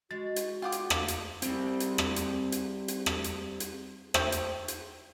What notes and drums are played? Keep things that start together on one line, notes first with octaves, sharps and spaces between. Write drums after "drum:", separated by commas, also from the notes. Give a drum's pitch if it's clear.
G#3 F#4 A6
drum: hi-hat
F4 F#5 G5 D6 D#6
drum: hi-hat
drum: rim click
drum: hi-hat
G3 C4, drum: hi-hat
drum: hi-hat
drum: rim click
drum: hi-hat
drum: hi-hat
drum: hi-hat
drum: rim click
drum: hi-hat
drum: hi-hat
C5 E5 G5 C#6, drum: rim click
drum: hi-hat
drum: hi-hat